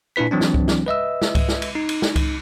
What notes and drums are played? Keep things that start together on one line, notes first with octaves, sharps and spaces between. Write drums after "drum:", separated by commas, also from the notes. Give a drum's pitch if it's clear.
A#2 D4 E4 B4 B6
E3 F#3 C4 D4
drum: snare
drum: kick C2
drum: snare
B4 D#5 E5 E6
drum: snare
drum: kick C2, cymbal
drum: snare
drum: cymbal
D#4
drum: cymbal
drum: snare
drum: kick C2, cymbal